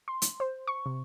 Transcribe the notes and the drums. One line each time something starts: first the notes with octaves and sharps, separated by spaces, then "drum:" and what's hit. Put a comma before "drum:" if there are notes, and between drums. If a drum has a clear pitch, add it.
C6
drum: hi-hat
C5
C#6
C3